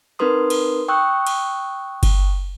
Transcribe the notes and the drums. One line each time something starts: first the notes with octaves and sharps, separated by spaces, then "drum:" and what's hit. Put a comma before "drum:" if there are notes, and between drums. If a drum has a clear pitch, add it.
C4 D#4 A#4 B4 C6 D#6
drum: cymbal
G5 C#6 D#6 E6 F#6
drum: cymbal
drum: kick G1, cymbal